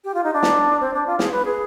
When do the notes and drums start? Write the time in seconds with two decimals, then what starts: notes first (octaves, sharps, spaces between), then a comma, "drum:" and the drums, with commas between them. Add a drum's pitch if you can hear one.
0.04 G4
0.14 F4
0.24 D#4
0.33 D4
0.43 drum: snare
0.80 C4
0.94 D4
1.07 F4
1.19 G#4, drum: snare
1.32 B4
1.45 G#4